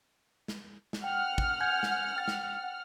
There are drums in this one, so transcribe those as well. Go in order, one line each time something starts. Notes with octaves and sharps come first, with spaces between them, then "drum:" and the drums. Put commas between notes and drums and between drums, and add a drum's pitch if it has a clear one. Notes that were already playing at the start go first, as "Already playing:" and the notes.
drum: snare
drum: snare
F#5 G5 F6
drum: kick
G#5 G6 G#6
drum: snare
G5 A6
drum: snare